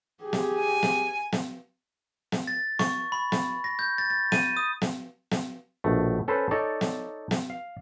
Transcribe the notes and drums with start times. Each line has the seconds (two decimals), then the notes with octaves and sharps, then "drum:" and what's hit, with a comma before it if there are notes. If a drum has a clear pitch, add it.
0.23 G4 G#4
0.33 drum: snare
0.58 G#5
0.83 drum: snare
1.32 drum: snare
2.32 drum: snare
2.47 A6
2.79 C#6, drum: snare
3.12 B5
3.32 drum: snare
3.64 A#6
3.79 G6
3.98 A6
4.10 A6
4.32 D#7, drum: snare
4.57 D#6
4.82 drum: snare
5.31 drum: snare
5.84 A#1 B2 A3
6.28 C#4 A4 B4 C5
6.51 D#4 A4 C#5 D5
6.81 drum: snare
7.31 drum: snare
7.50 F5